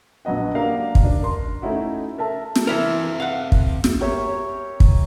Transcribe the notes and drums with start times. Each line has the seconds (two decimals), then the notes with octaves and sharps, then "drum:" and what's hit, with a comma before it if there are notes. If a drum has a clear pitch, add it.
0.25 A#1 F#3 B3 D#5 F#5
0.55 A#3 D4 F#4 G4 A#4 F5
0.95 drum: kick
1.05 D4
1.23 A#4 C6
1.62 A3 C#4 D#4 E4 F#4
2.18 A4 A#4 E5 A5
2.56 drum: snare
2.67 E3 C4 E4 A#4 B4 E5
3.20 F5 F#5
3.52 drum: kick
3.84 drum: snare
4.00 G4 A#4 C#5 E5
4.80 drum: kick